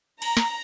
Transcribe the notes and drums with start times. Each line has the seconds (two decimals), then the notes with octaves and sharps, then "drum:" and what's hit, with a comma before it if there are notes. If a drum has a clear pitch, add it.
0.22 A#5, drum: cymbal
0.37 drum: snare